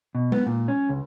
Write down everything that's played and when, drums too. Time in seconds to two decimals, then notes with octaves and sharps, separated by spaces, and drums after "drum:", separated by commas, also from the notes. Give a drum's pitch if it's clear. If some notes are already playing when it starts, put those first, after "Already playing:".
0.15 B2
0.32 B3, drum: tom G#3
0.47 A#2
0.68 C#4
0.89 C#2